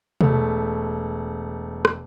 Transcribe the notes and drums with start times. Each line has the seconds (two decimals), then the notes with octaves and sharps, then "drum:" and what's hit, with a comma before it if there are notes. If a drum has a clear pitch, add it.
0.21 E1 A3, drum: tom
1.85 drum: rim click